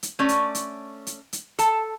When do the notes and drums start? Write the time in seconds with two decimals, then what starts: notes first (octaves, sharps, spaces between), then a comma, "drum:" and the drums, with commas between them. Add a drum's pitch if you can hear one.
0.03 drum: hi-hat
0.19 A3 C#4 D5
0.29 drum: hi-hat
0.55 drum: hi-hat
1.07 drum: hi-hat
1.33 drum: hi-hat
1.59 A4 A5, drum: hi-hat